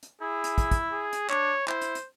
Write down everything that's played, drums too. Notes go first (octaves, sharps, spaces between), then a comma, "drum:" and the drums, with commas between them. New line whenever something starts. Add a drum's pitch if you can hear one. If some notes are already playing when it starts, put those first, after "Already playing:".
drum: hi-hat
E4 G#4
drum: hi-hat
drum: kick, hi-hat
drum: kick, hi-hat
G#4
drum: hi-hat
D4 C#5, drum: clap
E4 C5, drum: clap
drum: hi-hat
drum: hi-hat